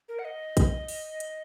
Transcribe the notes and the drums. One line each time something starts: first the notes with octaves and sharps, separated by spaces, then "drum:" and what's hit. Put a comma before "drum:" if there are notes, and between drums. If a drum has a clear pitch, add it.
A#4
F#5
D#5
drum: kick A#1, hi-hat
drum: open hi-hat
drum: hi-hat